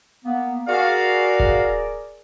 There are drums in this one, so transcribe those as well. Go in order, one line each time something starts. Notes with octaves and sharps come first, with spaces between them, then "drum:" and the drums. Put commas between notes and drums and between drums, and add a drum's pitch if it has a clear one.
A#3 B3
F#4 G#4 A#4 D5 F5
drum: kick